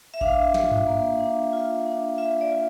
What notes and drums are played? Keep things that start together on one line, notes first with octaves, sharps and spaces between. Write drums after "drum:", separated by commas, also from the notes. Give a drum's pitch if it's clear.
E5
D4 F5, drum: kick A1
F4, drum: snare
drum: tom G2
A#3
D4
F4
D4
F4 E5
D5
F4